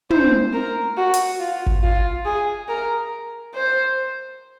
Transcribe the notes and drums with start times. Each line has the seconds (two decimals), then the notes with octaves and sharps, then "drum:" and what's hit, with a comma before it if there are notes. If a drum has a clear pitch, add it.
0.10 C5, drum: tom
0.53 A#4
0.97 F#4
1.14 drum: hi-hat
1.40 F4
1.66 drum: kick G1
1.83 F4
2.25 G#4
2.68 A#4
3.54 C5